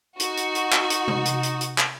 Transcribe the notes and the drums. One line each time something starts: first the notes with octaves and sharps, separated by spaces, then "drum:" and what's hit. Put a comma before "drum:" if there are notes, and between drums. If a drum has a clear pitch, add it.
D#4 F#4, drum: hi-hat
drum: hi-hat
drum: hi-hat
drum: clap
drum: hi-hat
drum: tom
drum: hi-hat
drum: hi-hat
drum: hi-hat
drum: clap